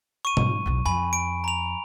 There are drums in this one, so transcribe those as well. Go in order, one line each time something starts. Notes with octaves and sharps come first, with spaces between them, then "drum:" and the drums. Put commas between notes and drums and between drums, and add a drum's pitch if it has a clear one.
C#6 D#7
G#2, drum: tom B2
B1 E2
F2 G#5 B5
D7
A#5 F7